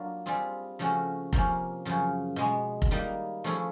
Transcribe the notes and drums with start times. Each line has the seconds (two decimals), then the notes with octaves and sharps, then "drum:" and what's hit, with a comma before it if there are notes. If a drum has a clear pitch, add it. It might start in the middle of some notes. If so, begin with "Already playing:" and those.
Already playing: F#3 A#3 D4 F4
0.26 G3 C4 F4 G#4
0.79 C#3 F3 A3 C#4 F#4
1.33 C3 F3 A#3 C#4, drum: kick F1
1.85 F#2 C#3 F3
2.36 B2 G#3 B3
2.82 drum: kick F1
2.91 D#3 G3 A#3 D#4
3.44 F3 A3 C#4 E4 G#4